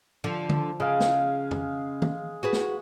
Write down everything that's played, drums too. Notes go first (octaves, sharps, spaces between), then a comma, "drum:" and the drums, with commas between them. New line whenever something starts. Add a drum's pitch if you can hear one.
D3 F3
drum: tom
C#3 G#3 F5
drum: snare
drum: tom F2
drum: tom
F#4 G#4 B4
drum: snare